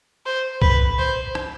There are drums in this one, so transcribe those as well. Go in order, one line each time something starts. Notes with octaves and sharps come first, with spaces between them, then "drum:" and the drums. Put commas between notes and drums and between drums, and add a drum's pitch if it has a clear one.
C5
B4, drum: kick
C5
drum: rim click